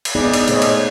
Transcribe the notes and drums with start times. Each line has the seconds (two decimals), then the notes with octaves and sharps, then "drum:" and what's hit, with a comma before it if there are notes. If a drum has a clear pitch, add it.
0.05 drum: cymbal
0.15 B3 D#4 G#4 D5
0.34 drum: cymbal
0.48 A#2 A3 G#4 C5 C#5 D#5, drum: cymbal
0.62 drum: cymbal